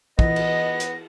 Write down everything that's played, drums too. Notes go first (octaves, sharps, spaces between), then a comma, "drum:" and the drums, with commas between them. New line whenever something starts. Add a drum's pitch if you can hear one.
E3 B3 E4 F4 D#5 A#6, drum: kick
drum: cymbal
drum: hi-hat